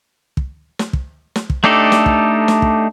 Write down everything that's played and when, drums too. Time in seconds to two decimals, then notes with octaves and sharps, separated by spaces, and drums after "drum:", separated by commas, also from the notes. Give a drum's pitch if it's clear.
0.37 drum: kick
0.79 drum: snare
0.93 drum: kick
1.36 drum: snare
1.50 drum: kick
1.64 A3 D4 D#4 G4 A4
1.92 drum: snare
2.06 drum: kick
2.48 drum: snare
2.62 drum: kick